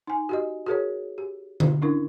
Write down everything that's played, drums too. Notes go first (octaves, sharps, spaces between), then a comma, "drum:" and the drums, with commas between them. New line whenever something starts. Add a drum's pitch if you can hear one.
D#4 G#5
F#4 G4 D#5
F#4 G#4 A#4 C#5
G4
drum: tom D3
C#4 D4 E4 A#4